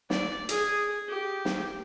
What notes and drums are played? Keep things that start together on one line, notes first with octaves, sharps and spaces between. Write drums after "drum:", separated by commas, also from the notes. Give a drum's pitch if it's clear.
D5, drum: snare
G#4, drum: hi-hat
G4
drum: snare